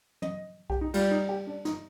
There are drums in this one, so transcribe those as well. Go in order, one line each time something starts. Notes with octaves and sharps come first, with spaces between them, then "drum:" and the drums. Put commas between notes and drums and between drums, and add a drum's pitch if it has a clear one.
D#5, drum: tom
G4, drum: kick B1
D#4
G3 F4, drum: cymbal
D#4
G4
D4
D#4, drum: snare